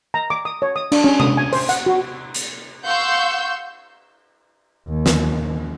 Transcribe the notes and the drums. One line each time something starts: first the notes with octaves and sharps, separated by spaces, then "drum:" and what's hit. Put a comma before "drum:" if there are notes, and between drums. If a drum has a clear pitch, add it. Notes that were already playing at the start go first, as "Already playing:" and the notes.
A#5
D6
D#6
C#5
D#6
D4, drum: cymbal
C#4
D#6, drum: tom C3
G#5
C5, drum: open hi-hat
F#5, drum: hi-hat
F#4
drum: hi-hat
F5 F#5 C6 C#6 E6 G6
D#2
drum: snare